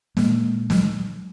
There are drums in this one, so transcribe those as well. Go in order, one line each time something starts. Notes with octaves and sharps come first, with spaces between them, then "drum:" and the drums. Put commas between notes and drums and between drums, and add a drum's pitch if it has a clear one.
A#2 G#3 A#3, drum: snare
F#3 G#3, drum: snare